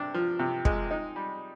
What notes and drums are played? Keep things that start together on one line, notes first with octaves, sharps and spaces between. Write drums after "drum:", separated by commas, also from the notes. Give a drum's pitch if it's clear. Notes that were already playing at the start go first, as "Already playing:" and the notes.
Already playing: C3 D4
F3
C3
G#3, drum: kick
D#4
G3